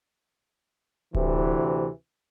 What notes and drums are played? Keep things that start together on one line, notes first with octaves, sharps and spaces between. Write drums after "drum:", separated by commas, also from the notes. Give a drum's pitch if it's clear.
D2 C3 E3, drum: kick D1